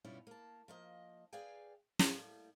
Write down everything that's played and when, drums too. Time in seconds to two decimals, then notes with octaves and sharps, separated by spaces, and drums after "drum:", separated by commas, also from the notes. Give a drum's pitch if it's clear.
0.04 G2 B2 G3 C#4 E4 F4
0.27 A#3 A5
0.68 F3 A#3 D#5
1.33 G#4 B4 D5 F5 G5 G#5
1.99 A2 G3 A3 A#3, drum: snare